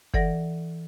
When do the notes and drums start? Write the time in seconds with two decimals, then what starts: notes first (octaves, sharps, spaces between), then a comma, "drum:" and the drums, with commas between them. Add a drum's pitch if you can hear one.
0.14 E3 A4 D5 F#5 A#6, drum: kick F#1